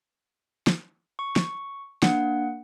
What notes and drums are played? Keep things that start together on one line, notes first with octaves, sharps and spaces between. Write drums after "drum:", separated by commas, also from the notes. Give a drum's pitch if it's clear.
drum: snare
C#6
drum: snare
A#3 D4 F#5, drum: snare